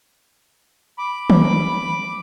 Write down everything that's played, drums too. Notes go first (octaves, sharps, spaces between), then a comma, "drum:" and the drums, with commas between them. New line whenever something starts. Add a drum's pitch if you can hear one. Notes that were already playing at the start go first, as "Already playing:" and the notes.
B5 D6
drum: tom D#3